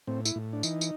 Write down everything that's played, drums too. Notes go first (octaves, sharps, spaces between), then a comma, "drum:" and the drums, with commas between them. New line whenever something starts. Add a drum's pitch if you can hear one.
A2 C4
E4, drum: tambourine
A2
D4
E3 D#4, drum: tambourine
drum: tambourine